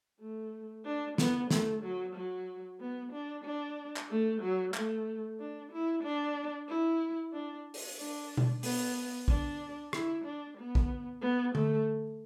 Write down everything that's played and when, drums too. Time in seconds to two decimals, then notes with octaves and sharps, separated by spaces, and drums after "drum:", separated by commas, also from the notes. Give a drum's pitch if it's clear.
0.21 A3
0.85 D4
1.18 B3, drum: snare
1.51 A3, drum: snare
1.83 F#3
2.16 F#3
2.80 B3
3.13 D4
3.45 D4
3.97 drum: clap
4.10 A3
4.42 F#3
4.74 A3, drum: clap
5.40 D4
5.72 E4
6.03 D4
6.69 E4
7.33 D4
7.74 drum: open hi-hat
7.99 D4
8.37 drum: tom B2
8.63 B3, drum: open hi-hat
9.28 D4, drum: kick
9.93 E4, drum: rim click
10.25 D4
10.58 B3
10.75 drum: kick
11.22 B3
11.55 A3, drum: tom D3